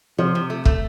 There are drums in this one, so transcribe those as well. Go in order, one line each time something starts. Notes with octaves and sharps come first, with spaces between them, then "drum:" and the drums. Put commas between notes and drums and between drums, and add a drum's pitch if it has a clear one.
C3 F3
C3
A3
A3, drum: kick